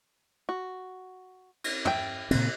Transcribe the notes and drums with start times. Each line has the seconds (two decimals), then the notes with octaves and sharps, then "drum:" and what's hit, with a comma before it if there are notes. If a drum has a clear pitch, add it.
0.49 F#4
1.64 drum: cymbal
1.85 E5 G5, drum: tom
2.31 A#2 C#3 C4, drum: cymbal